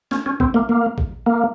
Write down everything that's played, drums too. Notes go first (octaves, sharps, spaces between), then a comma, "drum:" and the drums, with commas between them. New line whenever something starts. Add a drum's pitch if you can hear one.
C#4, drum: snare
C#4
C4, drum: kick A#1
A#3
A#3
drum: kick A#1
A#3